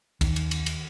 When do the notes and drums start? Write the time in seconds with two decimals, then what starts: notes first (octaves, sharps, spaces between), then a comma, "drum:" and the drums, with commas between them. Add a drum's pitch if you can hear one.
0.21 D#2 D#3, drum: kick, cymbal
0.36 drum: cymbal
0.51 drum: cymbal
0.66 drum: cymbal